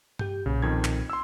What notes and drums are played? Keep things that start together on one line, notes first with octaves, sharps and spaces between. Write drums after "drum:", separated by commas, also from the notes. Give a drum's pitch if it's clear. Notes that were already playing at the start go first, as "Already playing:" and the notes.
G4 G6, drum: tom G2
B1 A#2 C#3
F2 D#3 G#6
drum: clap
C6 E6